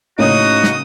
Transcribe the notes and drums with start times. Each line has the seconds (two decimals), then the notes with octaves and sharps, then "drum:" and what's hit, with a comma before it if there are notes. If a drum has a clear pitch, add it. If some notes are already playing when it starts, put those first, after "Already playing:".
0.19 A2 C#3 A#3 D#4 F#4 C#5 D#6
0.63 drum: snare